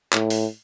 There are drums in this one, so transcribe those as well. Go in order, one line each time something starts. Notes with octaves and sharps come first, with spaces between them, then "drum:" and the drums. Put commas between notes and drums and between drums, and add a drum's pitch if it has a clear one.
A2, drum: clap
drum: open hi-hat